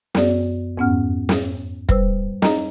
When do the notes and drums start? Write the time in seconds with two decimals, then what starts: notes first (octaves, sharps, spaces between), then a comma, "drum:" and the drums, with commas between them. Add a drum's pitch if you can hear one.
0.15 F#2 B3 F#4 D5, drum: snare
0.77 F2 G#2 B3 C#4 F#5 F6
1.29 drum: snare
1.89 G3 B4 C5 E6, drum: kick
2.42 D#4 D#5 A#5, drum: snare